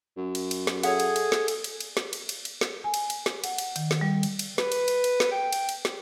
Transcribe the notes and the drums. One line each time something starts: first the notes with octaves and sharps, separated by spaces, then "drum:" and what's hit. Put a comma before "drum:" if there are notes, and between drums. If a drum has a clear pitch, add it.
F#2
drum: cymbal
drum: cymbal
drum: snare
G#4 A4 C#5 E5 F#5, drum: cymbal
drum: cymbal
drum: cymbal
drum: snare
drum: cymbal
drum: cymbal
drum: cymbal
drum: snare
drum: cymbal
drum: cymbal
drum: cymbal
drum: snare
G#5
drum: cymbal
drum: cymbal
drum: snare
F#5, drum: cymbal
drum: cymbal
D#3, drum: cymbal
drum: snare
G3
drum: cymbal
drum: cymbal
B4, drum: snare
drum: cymbal
drum: cymbal
drum: cymbal
drum: snare
G5
drum: cymbal
drum: cymbal
drum: snare